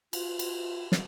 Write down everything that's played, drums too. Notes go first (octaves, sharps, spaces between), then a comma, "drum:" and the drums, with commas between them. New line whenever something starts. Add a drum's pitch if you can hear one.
F4, drum: cymbal
drum: cymbal
drum: snare